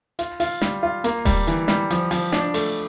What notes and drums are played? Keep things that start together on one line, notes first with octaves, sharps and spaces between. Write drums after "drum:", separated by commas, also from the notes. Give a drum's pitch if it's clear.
F4, drum: hi-hat
F4, drum: open hi-hat
G3, drum: snare
F4
A#3, drum: hi-hat
G3, drum: kick D#1, open hi-hat
E3, drum: hi-hat
G3, drum: snare
F3, drum: hi-hat
F3, drum: open hi-hat
D4, drum: snare
A3, drum: open hi-hat